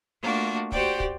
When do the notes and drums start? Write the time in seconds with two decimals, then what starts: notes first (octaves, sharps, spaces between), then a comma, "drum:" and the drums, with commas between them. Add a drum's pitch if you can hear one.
0.23 A3 A#3 D4 F4 F#4
0.72 F#4 G4 C5 D5 G5, drum: kick
1.00 drum: kick